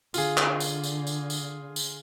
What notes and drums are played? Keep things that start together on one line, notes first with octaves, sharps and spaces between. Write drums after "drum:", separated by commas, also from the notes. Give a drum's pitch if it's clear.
D3 F4 G#4, drum: tambourine
drum: clap
drum: tambourine
drum: tambourine
drum: tambourine
drum: tambourine
drum: tambourine